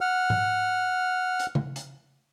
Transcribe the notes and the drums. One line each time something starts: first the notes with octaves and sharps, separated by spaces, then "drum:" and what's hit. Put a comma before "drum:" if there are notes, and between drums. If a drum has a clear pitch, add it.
F#5 F6
drum: tom G#2
drum: hi-hat
drum: tom C#3
drum: hi-hat